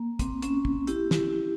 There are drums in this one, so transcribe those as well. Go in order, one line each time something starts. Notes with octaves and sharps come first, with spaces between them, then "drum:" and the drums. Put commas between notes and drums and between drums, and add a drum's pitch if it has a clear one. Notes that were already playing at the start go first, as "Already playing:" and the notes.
Already playing: A#3
C4, drum: kick, hi-hat
C#4, drum: hi-hat
drum: kick
E4 G4, drum: hi-hat
drum: snare